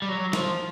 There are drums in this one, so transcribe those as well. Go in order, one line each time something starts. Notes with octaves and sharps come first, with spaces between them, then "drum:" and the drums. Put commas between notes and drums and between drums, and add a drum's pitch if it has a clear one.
G3
F#3
F3, drum: snare